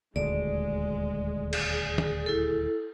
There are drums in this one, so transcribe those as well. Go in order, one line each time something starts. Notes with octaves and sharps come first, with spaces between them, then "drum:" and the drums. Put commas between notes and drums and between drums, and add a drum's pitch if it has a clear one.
D#1 D2 G#3 D5
G#4, drum: cymbal
drum: tom
E4 A4